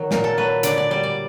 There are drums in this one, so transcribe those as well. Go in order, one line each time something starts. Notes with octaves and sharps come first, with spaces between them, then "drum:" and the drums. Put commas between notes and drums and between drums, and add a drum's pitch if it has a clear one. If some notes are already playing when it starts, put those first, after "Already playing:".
Already playing: D#3 F#3
A#2 A#4, drum: snare
A4
F#3 B4
D3 D5, drum: hi-hat
D5
G3 D5
D5